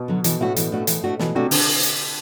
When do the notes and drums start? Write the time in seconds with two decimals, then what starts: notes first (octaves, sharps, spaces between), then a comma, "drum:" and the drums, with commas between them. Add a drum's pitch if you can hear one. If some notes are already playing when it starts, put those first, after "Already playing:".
Already playing: B2
0.08 D3 F#3
0.24 B2 E3, drum: hi-hat
0.41 A2 A3 D4 F#4
0.56 B2 E3, drum: hi-hat
0.72 A3 D4 F#4
0.87 E3, drum: hi-hat
1.04 A3 D4 F#4
1.19 B2 E3, drum: snare
1.35 C3 A3 D4 F#4
1.51 D3, drum: open hi-hat
1.83 drum: hi-hat